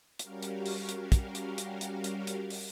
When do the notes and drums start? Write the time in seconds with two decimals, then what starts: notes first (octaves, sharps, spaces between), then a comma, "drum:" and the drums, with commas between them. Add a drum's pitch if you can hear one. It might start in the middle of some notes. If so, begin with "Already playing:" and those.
0.19 G3 C#4 F#4 G4 A#4 F5, drum: hi-hat
0.42 drum: hi-hat
0.66 drum: open hi-hat
0.89 drum: hi-hat
1.12 drum: kick, hi-hat
1.35 drum: hi-hat
1.58 drum: hi-hat
1.81 drum: hi-hat
2.04 drum: hi-hat
2.27 drum: hi-hat
2.50 drum: open hi-hat